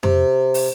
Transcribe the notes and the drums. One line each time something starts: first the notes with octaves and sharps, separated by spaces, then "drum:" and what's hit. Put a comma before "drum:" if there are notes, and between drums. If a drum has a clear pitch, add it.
C3, drum: tom F2
drum: open hi-hat